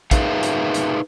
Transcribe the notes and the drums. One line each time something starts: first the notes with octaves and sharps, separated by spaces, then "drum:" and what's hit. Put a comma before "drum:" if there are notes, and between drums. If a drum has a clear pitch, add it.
D#4 G#4 A#4 B4 E5 F5, drum: kick, hi-hat
drum: hi-hat
drum: hi-hat